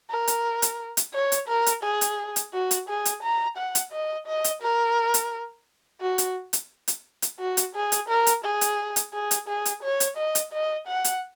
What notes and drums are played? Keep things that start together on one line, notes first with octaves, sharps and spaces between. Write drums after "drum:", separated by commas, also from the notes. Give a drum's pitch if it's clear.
A#4
drum: hi-hat
drum: hi-hat
drum: hi-hat
C#5
drum: hi-hat
A#4
drum: hi-hat
G#4
drum: hi-hat
drum: hi-hat
F#4
drum: hi-hat
G#4
drum: hi-hat
A#5
F#5
drum: hi-hat
D#5
D#5
drum: hi-hat
A#4
drum: hi-hat
F#4
drum: hi-hat
drum: hi-hat
drum: hi-hat
drum: hi-hat
F#4
drum: hi-hat
G#4
drum: hi-hat
A#4
drum: hi-hat
G#4
drum: hi-hat
drum: hi-hat
G#4
drum: hi-hat
G#4
drum: hi-hat
C#5
drum: hi-hat
D#5
drum: hi-hat
D#5
F#5
drum: hi-hat